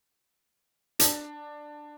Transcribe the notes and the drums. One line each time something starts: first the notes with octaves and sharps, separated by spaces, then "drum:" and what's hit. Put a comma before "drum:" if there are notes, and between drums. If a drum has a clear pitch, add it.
D4, drum: hi-hat